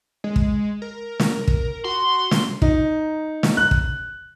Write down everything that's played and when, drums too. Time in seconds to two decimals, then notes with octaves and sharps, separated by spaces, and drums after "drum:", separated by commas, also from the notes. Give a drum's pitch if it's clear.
0.24 G#3
0.36 drum: kick
0.82 A#4
1.20 drum: snare
1.47 drum: kick
1.85 F#4 C6
2.31 drum: snare
2.62 D#4, drum: kick
3.43 drum: snare
3.57 F#6
3.71 drum: kick